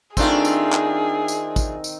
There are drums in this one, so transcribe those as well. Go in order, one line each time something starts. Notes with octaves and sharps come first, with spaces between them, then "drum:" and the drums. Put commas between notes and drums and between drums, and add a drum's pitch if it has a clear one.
D#3 A3 C4 D4 F4 G#4, drum: kick, tambourine
drum: tambourine
drum: clap
drum: tambourine
drum: kick, tambourine
drum: tambourine